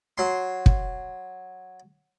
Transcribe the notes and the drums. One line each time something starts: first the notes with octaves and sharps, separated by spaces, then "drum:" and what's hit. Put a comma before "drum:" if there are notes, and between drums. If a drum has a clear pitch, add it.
F#3 C6
drum: kick